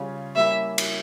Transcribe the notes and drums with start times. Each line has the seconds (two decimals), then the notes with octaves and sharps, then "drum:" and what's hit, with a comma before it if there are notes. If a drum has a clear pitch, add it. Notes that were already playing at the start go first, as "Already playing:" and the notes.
Already playing: C#3 G3 C#4 F4
0.36 G3 A#3 C#4 E4 E5
0.78 drum: cymbal